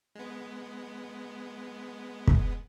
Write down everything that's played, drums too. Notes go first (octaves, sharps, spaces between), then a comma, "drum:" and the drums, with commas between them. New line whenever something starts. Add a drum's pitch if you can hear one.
G#3 B3
drum: kick